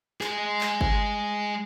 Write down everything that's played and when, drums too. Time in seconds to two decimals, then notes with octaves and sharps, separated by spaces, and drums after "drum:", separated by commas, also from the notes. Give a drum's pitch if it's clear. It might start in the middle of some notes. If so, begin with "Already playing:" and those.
0.21 G#3 G#4, drum: clap
0.61 drum: clap
0.81 drum: kick G1